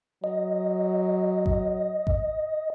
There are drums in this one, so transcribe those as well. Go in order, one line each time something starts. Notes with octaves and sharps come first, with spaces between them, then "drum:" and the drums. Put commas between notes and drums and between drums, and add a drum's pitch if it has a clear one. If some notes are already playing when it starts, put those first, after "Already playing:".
F#3 D#5
drum: kick A1
drum: kick A1